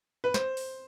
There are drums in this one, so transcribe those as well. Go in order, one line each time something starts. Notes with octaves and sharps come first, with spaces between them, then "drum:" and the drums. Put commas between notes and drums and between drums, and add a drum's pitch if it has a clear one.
B4
C5, drum: snare
drum: open hi-hat